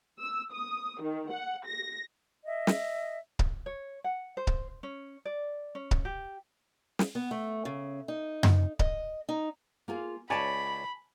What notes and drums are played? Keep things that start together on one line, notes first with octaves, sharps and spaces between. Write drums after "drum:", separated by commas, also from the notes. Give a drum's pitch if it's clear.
E6
D#6
D#3
F#5
A#6
D#5 E5
drum: snare
drum: kick C#1
C#5
F#5
C5
drum: kick C#1
C#4
D5
C#4
drum: kick C#1
G4
drum: snare
B3
A3
C#3
D#4
drum: tom F#2
D#5, drum: kick C#1
D#4
A#3 F4 G#4
C#2 C#5 D5 G#5 A5 B5